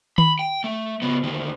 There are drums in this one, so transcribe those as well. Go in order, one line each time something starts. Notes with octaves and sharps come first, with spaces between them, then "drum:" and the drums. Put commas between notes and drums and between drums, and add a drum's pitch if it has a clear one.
B5, drum: tom D#3
G5
A3
C#3 B3
D2 D#3